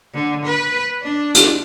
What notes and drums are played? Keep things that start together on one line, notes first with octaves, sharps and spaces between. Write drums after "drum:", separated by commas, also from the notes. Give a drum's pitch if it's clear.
D3
B4
D4
drum: hi-hat